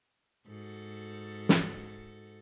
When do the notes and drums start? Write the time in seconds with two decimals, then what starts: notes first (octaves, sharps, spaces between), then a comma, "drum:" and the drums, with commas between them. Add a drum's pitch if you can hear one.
0.47 G#2 F#4 A4
1.49 drum: snare